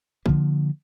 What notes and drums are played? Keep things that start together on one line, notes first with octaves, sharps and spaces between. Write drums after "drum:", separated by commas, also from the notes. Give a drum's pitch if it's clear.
D3 F3 A#3, drum: kick